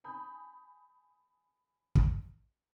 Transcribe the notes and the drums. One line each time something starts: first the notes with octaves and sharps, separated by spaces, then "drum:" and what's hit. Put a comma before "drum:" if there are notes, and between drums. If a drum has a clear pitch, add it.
G#5 A5 B5 D#6 G6
drum: kick